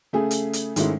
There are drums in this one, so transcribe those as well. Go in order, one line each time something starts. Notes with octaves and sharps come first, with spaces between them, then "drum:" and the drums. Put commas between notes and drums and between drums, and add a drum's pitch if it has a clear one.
C#3 A3 G#4
drum: hi-hat
drum: hi-hat
G#2 D#3 G#3 A3 C#4 E4, drum: hi-hat